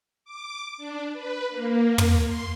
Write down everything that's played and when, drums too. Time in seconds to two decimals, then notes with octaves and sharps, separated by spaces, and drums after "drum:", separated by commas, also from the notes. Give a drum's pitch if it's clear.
0.25 D6
0.78 D4
1.13 B4
1.51 A#3
1.98 drum: tom
2.25 C6